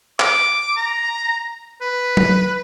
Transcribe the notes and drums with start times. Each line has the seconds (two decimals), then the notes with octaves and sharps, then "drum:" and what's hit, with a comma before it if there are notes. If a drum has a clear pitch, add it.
0.20 D6, drum: clap
0.77 A#5
1.81 B4
2.17 drum: tom F#3